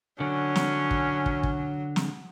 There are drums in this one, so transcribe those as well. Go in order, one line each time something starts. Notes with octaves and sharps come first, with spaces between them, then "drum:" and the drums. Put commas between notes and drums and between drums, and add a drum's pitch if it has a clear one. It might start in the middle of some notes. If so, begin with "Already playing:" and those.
D3 F#3 C#4
drum: snare
drum: kick
drum: kick
drum: kick
drum: snare